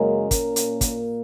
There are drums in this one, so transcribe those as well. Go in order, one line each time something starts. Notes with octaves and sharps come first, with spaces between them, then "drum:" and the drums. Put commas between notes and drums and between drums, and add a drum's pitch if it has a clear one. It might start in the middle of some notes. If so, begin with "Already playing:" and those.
Already playing: F#2 C#3 G#3 A#3 C#4 A#4
A#2 A#3 C#4, drum: kick, hi-hat
drum: hi-hat
drum: kick, hi-hat